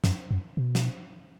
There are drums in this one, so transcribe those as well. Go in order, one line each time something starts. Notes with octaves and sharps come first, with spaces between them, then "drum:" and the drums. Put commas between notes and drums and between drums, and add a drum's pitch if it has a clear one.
F#2, drum: snare
F#2
B2
drum: snare